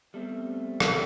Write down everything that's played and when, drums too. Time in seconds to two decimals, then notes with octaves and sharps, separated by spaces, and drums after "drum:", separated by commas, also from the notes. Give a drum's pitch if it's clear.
0.14 G3 A3 B3 C4
0.80 A4 A#4 A5, drum: rim click